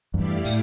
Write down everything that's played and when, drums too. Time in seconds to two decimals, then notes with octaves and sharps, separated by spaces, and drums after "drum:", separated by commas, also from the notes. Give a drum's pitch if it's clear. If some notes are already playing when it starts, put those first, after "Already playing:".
0.14 E2 G2 A3 E4 G4 D5 F5
0.45 A2, drum: tambourine